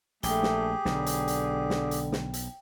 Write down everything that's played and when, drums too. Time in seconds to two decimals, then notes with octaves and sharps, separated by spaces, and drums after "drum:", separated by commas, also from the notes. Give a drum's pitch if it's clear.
0.23 A#1 A3 G4 G#4 G5, drum: hi-hat
0.43 drum: snare
0.85 B1 D3, drum: snare
1.06 drum: hi-hat
1.28 drum: hi-hat
1.70 drum: snare
1.91 drum: hi-hat
2.12 drum: snare
2.34 drum: hi-hat